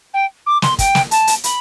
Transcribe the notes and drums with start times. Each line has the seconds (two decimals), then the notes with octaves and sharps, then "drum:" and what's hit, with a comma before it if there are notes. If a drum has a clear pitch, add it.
0.13 G5
0.46 D6
0.62 C6, drum: snare
0.79 G5, drum: kick, hi-hat
0.95 drum: snare
1.11 A5, drum: hi-hat
1.27 drum: hi-hat
1.44 B5, drum: hi-hat